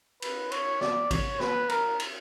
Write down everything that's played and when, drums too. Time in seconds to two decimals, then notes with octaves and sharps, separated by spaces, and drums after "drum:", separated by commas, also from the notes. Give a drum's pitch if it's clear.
0.22 B4, drum: cymbal
0.52 C#5, drum: cymbal
0.81 D5, drum: snare
1.11 C#5, drum: kick G#1, cymbal
1.40 B4, drum: snare
1.69 A#4, drum: cymbal
2.00 drum: cymbal